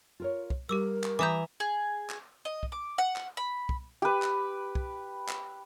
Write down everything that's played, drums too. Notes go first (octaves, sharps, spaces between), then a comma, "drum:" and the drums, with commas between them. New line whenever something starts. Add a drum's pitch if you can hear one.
F4 A#4 C#5
drum: kick
G3 G4 A#4 D6 E6
drum: clap
E3 E5 A#5 D6 D#6 G6
G#4
drum: clap
D#5
drum: kick
D6
F#5
drum: clap
B5
drum: kick
G4 B4
drum: clap
drum: kick
drum: clap